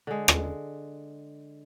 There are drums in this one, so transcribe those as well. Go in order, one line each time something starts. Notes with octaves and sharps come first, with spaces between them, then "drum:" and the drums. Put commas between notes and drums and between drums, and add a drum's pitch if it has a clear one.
D3 G#3
drum: rim click